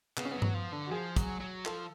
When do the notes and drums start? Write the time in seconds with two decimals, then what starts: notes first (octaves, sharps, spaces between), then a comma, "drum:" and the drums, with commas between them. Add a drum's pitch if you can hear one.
0.17 C#3 B3, drum: clap
0.25 C#4
0.31 F#3 B3
0.42 drum: tom G2
0.54 F3
0.73 D3
0.86 F#4
0.91 F3 G#4
1.16 F#3, drum: kick, hi-hat
1.40 F#3
1.65 F3 A4, drum: clap